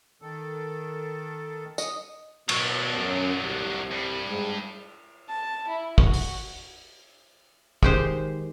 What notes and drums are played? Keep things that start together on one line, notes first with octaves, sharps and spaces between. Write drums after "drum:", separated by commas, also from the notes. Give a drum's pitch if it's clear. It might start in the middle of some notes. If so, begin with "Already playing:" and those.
D#3 A4
D#5, drum: tambourine
B2 F#3 D4, drum: cymbal
F#2
C2
G2
G#2
A5
E4
F#4, drum: kick
drum: open hi-hat
D#3 G#3 G4 C5, drum: kick